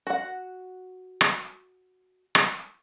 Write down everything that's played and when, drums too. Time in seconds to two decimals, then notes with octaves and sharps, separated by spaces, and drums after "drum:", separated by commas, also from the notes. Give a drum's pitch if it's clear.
0.07 F#4 F#5
1.21 drum: rim click
2.35 drum: rim click